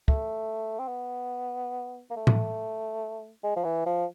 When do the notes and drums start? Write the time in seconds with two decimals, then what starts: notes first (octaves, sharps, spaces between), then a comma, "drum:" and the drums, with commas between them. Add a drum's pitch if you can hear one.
0.08 A3, drum: kick
0.79 C4
0.88 B3
2.10 A#3
2.16 A3
2.27 drum: tom A2
3.43 G#3
3.56 F3
3.64 E3
3.86 F3